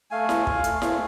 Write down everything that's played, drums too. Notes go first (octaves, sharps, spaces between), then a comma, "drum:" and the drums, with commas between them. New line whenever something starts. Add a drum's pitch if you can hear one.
A3 F5 G#5
F4, drum: snare E4
F4, drum: kick
A3, drum: hi-hat
A3, drum: snare E4